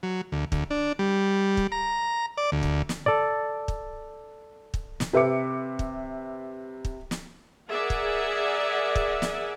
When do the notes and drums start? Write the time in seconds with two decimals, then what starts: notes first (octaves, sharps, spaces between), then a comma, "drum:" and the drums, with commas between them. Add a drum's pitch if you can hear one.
0.03 F#3
0.32 D2
0.52 D2, drum: kick
0.70 D4
0.99 G3
1.57 drum: kick
1.72 A#5
2.38 D5
2.52 D2
2.63 drum: kick
2.89 drum: snare
3.06 A4 D5
3.68 drum: kick
4.74 drum: kick
5.00 drum: snare
5.13 C3 B4 E5 D6 C#7
5.79 drum: kick
6.85 drum: kick
7.11 drum: snare
7.70 G#4 A#4 D5 E5 F#5 G#5
7.90 drum: kick
8.96 drum: kick
9.22 drum: snare